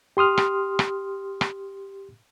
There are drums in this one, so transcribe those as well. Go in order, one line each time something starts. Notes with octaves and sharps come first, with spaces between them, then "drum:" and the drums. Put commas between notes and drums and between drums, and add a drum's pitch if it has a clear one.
G4 C6 D#6 F6
drum: rim click
drum: rim click
drum: rim click